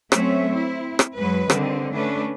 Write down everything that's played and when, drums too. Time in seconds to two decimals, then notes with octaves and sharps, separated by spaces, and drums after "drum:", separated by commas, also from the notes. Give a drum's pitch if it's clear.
0.12 F#3 A3 C4 C#4 C#5 E5, drum: rim click
0.48 C4 E4
0.99 drum: rim click
1.17 F#2 F#3 G#3 B4
1.50 D3 D#3 G3 C4, drum: rim click
1.91 A3 C#4 D4 B4